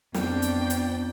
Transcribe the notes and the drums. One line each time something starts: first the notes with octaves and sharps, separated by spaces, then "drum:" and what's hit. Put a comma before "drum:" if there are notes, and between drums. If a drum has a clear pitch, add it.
F2 B3 D4 G5, drum: snare
drum: hi-hat
drum: hi-hat